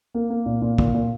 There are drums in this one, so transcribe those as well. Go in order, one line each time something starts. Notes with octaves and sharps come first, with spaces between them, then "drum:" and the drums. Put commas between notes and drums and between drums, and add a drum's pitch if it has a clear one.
A#3
A#3
A#2
A#2
A#2, drum: kick
A#2